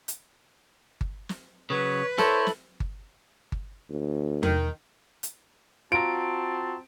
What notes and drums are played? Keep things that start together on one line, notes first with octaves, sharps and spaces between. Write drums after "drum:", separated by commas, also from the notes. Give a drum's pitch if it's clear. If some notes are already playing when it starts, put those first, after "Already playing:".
drum: hi-hat
drum: kick G1
drum: snare
C#3 F#3 B4 C#5
E4 A4 C5 C#5, drum: snare
drum: snare
drum: kick G1
drum: kick G1
D2
D#3, drum: tom E2
drum: hi-hat
C4 F4 F#4 A5 A#5 D7